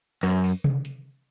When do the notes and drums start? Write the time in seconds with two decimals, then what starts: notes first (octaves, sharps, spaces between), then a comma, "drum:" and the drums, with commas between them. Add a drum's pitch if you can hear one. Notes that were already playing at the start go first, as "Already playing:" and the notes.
0.23 F#2, drum: rim click
0.44 drum: open hi-hat
0.64 drum: tom C3
0.85 drum: hi-hat